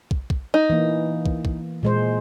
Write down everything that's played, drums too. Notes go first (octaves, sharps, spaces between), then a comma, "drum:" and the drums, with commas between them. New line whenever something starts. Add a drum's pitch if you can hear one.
drum: kick
drum: kick
D#4
E3 A#3
drum: kick
drum: kick
A#2 G#3 C5